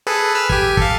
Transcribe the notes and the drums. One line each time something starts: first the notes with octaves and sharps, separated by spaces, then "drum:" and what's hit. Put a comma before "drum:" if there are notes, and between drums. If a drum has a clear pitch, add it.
G#4 A4 B4
B4 E6 F6
G4 G#5, drum: kick
A4 F5, drum: kick